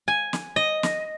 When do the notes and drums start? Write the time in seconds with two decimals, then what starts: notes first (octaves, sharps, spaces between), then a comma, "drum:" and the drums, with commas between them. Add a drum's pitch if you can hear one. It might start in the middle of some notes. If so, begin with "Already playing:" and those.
0.08 G#5
0.33 drum: snare
0.56 D#5
0.83 drum: snare